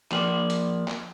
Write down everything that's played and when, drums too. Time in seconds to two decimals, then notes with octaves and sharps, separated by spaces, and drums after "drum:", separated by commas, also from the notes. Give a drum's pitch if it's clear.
0.12 F3 A#3 D5, drum: clap
0.50 drum: hi-hat
0.88 drum: clap